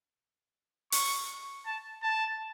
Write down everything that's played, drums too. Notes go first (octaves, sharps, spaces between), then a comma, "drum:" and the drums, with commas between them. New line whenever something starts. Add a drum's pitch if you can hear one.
C#6, drum: open hi-hat
A5
A5